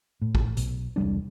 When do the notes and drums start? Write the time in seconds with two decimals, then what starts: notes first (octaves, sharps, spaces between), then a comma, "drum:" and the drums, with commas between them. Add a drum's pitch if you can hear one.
0.22 A2
0.35 drum: kick G#1
0.57 B1, drum: hi-hat
0.96 E1 C2 G3 D4